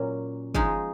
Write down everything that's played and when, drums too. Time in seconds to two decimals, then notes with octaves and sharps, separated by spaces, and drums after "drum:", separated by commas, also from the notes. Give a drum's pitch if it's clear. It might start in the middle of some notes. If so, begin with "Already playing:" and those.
Already playing: A#2 F#3 C#4
0.54 F3 G#3 D#4 G#4, drum: kick